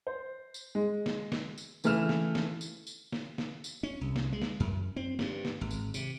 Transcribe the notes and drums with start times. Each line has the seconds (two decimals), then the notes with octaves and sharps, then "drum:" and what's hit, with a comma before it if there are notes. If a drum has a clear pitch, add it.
0.07 C5
0.54 drum: tambourine
0.75 G#3
1.06 drum: snare
1.32 drum: snare
1.58 drum: tambourine
1.84 C#3 E3 A3 E4 F6 E7, drum: tambourine
2.09 drum: snare
2.35 drum: snare
2.61 drum: tambourine
2.87 drum: tambourine
3.12 drum: snare
3.38 drum: snare
3.64 drum: tambourine
3.83 C#4
4.01 C2
4.16 drum: snare
4.32 G#3
4.42 drum: snare
4.60 F#2
4.96 C4
5.19 G2, drum: snare
5.45 drum: snare
5.61 G#1
5.71 drum: tambourine
5.94 C3, drum: tambourine